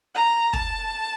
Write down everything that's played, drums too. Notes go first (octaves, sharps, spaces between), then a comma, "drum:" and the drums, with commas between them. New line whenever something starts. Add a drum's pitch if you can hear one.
A#5
A5, drum: kick